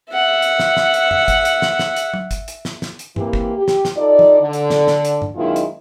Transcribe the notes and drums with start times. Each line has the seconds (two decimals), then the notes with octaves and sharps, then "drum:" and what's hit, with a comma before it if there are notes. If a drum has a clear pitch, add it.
0.12 E5 F#5
0.42 drum: hi-hat
0.59 drum: snare
0.77 drum: snare
0.94 drum: hi-hat
1.11 drum: tom F2
1.28 drum: kick, hi-hat
1.45 drum: hi-hat
1.62 drum: snare
1.79 drum: snare
1.96 drum: hi-hat
2.14 drum: tom
2.31 drum: kick, hi-hat
2.48 drum: hi-hat
2.65 drum: snare
2.82 drum: snare
2.99 drum: hi-hat
3.16 C3 E3 A#3 G4, drum: tom
3.33 drum: kick
3.55 G4
3.68 drum: snare
3.85 drum: snare
3.95 D#4 F4 A4 D5
4.19 drum: tom
4.41 D3
4.53 drum: hi-hat
4.70 drum: snare
4.88 drum: snare
5.05 drum: hi-hat
5.22 drum: tom
5.35 F#2 B2 D#3 G#3 E4 F4
5.56 drum: hi-hat